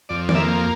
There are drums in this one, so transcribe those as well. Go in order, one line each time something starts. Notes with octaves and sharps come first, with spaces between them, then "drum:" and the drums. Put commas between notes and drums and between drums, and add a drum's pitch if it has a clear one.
F2 D5
D5, drum: tom D#3
A#3 E5